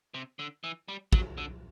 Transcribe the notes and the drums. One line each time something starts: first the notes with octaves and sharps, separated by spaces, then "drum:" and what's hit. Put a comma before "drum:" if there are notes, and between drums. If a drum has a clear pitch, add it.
C3
D3
E3
G3
F#3, drum: kick
D3